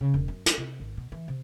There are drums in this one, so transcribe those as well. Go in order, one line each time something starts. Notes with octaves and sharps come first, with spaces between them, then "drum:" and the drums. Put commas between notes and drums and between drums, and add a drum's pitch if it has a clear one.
C#3
E1
F#2
F#3, drum: hi-hat
C3
G#1
B2
E3
C3